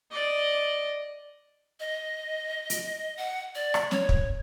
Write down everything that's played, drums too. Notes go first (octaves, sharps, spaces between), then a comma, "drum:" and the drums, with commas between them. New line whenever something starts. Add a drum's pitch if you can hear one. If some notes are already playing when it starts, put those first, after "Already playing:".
D5 D#5
D#5
drum: hi-hat
F#5
D5
drum: rim click
C#5, drum: snare
drum: kick